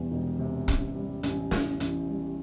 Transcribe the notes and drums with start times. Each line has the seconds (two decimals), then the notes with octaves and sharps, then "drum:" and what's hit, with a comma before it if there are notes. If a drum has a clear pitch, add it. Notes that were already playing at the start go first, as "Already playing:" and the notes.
Already playing: E1 E2 C3 G3
0.11 E1
0.39 C3
0.68 A1, drum: kick, hi-hat
0.95 G3
1.23 A1, drum: hi-hat
1.51 A2, drum: snare
1.80 A1, drum: hi-hat
2.09 G3